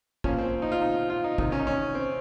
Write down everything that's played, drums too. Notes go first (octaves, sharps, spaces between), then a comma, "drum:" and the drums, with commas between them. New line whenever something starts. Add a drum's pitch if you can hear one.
A#2 F3 C#4, drum: kick
C4
D#4
F4
D#4
F4
D#4
C3 D#3 D#4, drum: kick
C#4
D#4
C#4
C4